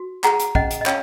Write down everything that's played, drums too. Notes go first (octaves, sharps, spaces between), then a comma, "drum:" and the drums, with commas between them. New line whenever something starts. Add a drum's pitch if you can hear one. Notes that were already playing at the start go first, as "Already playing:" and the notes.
Already playing: F#4
G#4 F#5 A#5, drum: clap
drum: hi-hat
C#4 D#5 F#5, drum: kick
drum: hi-hat
D#5
C#4 C#5 F5, drum: clap